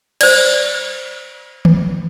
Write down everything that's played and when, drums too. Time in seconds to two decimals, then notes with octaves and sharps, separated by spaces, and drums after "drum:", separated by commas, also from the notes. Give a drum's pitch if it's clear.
0.21 C5 D5, drum: cymbal
1.65 drum: tom D#3